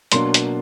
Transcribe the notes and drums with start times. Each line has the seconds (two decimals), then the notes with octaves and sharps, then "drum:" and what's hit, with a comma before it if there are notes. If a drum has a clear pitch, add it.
0.12 B2 F#3 A#3 D4 C6, drum: hi-hat
0.34 drum: hi-hat